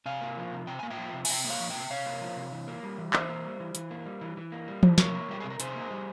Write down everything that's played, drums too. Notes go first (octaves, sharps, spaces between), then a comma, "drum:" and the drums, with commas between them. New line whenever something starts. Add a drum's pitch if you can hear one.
C3 F5 G#5
A#3
F3
C3
C3 G5
A#3 G#5
E5 G5
F3
C3
G#5, drum: cymbal
C3 E5 G5
A#3
C#5 F5
F3
E5 G5
C3
C3 C#5 F5
A#3
F3
C3
E3
A#3
G3
E3
E3 C5 E5, drum: clap
A#3
G3
E3
E3, drum: hi-hat
A#3
G3
E3
E3
A#3
G3
E3, drum: tom E3
C3 A#4 C#5, drum: snare
A#3
G3 G4
C3 G#4
A#4
C3 G#4 C5, drum: hi-hat
A#3
G3